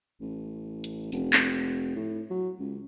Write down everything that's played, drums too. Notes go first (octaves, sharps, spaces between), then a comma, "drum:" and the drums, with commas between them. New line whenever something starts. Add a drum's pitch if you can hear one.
A1
drum: hi-hat
F1, drum: tambourine
drum: clap
A2
F#3
C#2